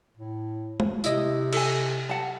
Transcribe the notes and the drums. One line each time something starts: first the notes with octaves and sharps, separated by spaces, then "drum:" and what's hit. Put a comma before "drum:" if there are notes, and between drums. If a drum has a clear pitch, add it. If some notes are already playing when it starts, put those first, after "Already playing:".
A2
drum: tom
C3 E4 D#5, drum: tambourine
A4 G#5, drum: cymbal
F#5 A5